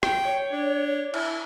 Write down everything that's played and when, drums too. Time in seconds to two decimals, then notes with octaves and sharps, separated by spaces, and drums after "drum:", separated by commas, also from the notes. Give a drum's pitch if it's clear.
0.03 G5, drum: rim click
0.25 C#5
0.52 D4
1.14 E4, drum: cymbal